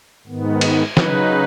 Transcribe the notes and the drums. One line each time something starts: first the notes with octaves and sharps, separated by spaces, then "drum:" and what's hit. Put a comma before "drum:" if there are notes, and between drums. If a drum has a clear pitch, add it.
G#2 D#3 B3
drum: cymbal
C#3 F#3 D#4 B4, drum: snare